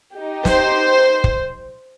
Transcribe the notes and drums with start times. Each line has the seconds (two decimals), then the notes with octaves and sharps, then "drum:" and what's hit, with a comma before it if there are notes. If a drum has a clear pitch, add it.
0.18 D#4 G4
0.45 C5, drum: snare
1.24 drum: kick